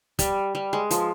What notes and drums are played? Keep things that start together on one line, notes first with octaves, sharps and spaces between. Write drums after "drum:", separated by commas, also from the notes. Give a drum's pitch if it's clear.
G3, drum: kick, hi-hat
G3
G#3
F3, drum: hi-hat